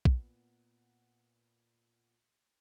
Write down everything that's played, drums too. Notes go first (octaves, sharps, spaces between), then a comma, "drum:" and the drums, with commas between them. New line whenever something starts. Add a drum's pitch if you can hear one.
A#2 B3 F#5, drum: kick